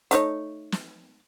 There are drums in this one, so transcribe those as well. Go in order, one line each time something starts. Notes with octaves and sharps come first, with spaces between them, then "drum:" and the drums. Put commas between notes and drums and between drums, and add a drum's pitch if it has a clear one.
A3 D#4 C#5, drum: hi-hat
drum: snare